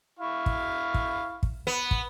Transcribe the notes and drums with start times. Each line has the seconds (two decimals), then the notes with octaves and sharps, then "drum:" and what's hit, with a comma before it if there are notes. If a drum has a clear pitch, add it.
0.19 E4 F5 C#6
0.46 drum: kick
0.94 drum: kick
1.43 drum: kick
1.67 B3
1.91 drum: kick